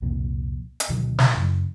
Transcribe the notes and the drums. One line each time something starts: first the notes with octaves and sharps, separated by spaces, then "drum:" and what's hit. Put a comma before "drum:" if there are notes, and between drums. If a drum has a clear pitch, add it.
C2 F2 A#2 F3
drum: hi-hat
D2 B2 D#3 F#3
drum: snare
F#2 C#3